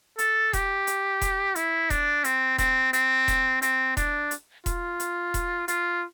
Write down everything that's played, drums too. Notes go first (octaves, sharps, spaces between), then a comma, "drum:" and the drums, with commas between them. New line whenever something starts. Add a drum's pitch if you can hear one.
A4, drum: hi-hat
G4, drum: kick E1, hi-hat
drum: hi-hat
drum: kick E1, hi-hat
E4, drum: hi-hat
D4, drum: kick E1, hi-hat
C4, drum: hi-hat
C4, drum: kick E1, hi-hat
C4, drum: hi-hat
drum: kick E1, hi-hat
C4, drum: hi-hat
D4, drum: kick E1, hi-hat
drum: hi-hat
F4, drum: kick E1, hi-hat
drum: hi-hat
drum: kick E1, hi-hat
F4, drum: hi-hat